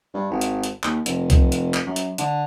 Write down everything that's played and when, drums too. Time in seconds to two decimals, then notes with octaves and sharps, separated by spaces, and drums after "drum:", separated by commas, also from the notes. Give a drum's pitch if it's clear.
0.14 G2
0.31 G#1
0.41 drum: hi-hat
0.64 drum: hi-hat
0.84 D#2, drum: clap
1.06 F1, drum: hi-hat
1.30 drum: kick C2, hi-hat
1.52 drum: hi-hat
1.74 drum: clap
1.86 F#2
1.96 drum: hi-hat
2.18 D3, drum: hi-hat